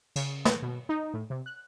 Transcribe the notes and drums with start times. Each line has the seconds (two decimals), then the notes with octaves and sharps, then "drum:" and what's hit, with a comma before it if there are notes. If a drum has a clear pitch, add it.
0.16 C#3, drum: cymbal
0.45 drum: snare
0.62 B2
0.89 D#4
1.14 A2
1.30 C3
1.46 F#6